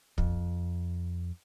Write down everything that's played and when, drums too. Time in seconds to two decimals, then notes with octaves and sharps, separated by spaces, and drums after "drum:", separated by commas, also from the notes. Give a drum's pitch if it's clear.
0.18 F2, drum: kick